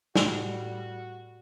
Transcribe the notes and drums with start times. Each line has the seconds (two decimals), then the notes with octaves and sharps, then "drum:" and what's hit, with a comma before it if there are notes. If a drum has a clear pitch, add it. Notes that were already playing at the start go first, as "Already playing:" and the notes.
0.16 A2 G3 F#4, drum: snare